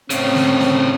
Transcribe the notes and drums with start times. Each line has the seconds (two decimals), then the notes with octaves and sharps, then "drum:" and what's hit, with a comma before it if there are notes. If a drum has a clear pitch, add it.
0.10 A2 C#3 C4, drum: hi-hat
0.35 drum: snare
0.60 drum: snare